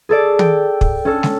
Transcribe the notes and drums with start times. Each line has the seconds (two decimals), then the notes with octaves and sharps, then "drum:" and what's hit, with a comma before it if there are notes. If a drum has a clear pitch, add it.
0.09 G#4 A4 D5
0.39 G5, drum: tom
0.81 drum: kick
1.05 C#4 A4
1.23 drum: snare